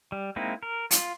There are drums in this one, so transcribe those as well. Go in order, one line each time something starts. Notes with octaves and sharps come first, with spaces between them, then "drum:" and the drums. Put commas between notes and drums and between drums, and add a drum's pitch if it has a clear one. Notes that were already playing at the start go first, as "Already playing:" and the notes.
G3
G#3 A#3 C4 D#4 E4
A#4
F4, drum: hi-hat